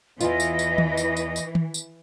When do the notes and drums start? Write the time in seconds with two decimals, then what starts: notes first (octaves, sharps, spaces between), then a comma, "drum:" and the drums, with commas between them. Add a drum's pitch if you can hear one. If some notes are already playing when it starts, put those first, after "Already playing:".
0.21 E2 E3 F4 D#5, drum: tambourine
0.40 drum: tambourine
0.59 drum: tambourine
0.78 drum: tom D#3
0.97 drum: tambourine
1.17 drum: tambourine
1.36 drum: tambourine
1.55 drum: tom D#3
1.74 drum: tambourine